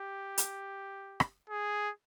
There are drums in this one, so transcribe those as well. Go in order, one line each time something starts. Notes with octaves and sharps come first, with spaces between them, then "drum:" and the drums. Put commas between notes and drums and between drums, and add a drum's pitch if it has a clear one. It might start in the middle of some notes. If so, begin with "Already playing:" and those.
Already playing: G4
drum: hi-hat
drum: rim click
G#4